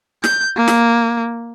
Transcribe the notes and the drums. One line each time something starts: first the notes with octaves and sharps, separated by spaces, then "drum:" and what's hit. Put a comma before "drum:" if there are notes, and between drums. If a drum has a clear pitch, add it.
G6, drum: snare
A#3
drum: snare